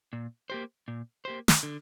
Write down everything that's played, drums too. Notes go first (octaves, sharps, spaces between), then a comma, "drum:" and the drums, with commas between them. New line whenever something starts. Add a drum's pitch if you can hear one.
A#2
A#3 G4 C5
A#2
A#3 G4 C5
drum: snare
D3